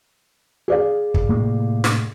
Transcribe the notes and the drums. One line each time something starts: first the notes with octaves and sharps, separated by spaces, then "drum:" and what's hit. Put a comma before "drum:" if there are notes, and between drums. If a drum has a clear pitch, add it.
G#4 D5 F5
drum: kick
A2 C3 A#3
drum: snare